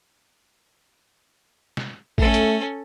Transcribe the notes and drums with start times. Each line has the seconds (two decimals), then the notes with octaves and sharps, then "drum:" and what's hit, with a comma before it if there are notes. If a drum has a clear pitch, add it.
1.77 drum: snare
2.18 A3 C#4 A4, drum: kick A1
2.34 drum: hi-hat